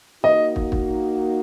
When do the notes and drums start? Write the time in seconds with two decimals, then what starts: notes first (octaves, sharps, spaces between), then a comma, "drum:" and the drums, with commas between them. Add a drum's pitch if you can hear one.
0.24 A#3 D#4 F#4 D#5
0.56 drum: kick
0.72 drum: kick